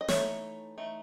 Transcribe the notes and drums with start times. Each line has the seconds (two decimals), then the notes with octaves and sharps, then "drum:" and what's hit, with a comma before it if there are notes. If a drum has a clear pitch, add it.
0.01 D#5
0.08 E3 A3 D#4 C#5, drum: snare
0.78 E3 A3 D#4